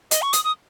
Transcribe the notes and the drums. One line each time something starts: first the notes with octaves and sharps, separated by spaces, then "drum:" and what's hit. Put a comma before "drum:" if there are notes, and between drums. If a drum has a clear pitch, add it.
D#5, drum: hi-hat
C#6
D#6, drum: hi-hat
D#6